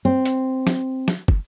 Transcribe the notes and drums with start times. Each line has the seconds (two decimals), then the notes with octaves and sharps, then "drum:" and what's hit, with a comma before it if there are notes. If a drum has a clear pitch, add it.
0.05 C4
0.25 drum: hi-hat
0.67 drum: snare
1.08 drum: snare
1.28 drum: kick